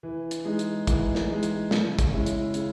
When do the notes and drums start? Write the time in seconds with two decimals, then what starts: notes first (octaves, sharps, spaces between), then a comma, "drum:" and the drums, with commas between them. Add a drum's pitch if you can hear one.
0.03 E3
0.31 drum: hi-hat
0.45 G#3 D#4
0.59 drum: hi-hat
0.87 E3, drum: kick, hi-hat
1.15 drum: snare
1.29 G#3 D#4
1.43 drum: hi-hat
1.71 C#3, drum: snare
1.99 drum: kick, hi-hat
2.13 G#3 C#4 E4
2.26 drum: hi-hat
2.54 C#3, drum: hi-hat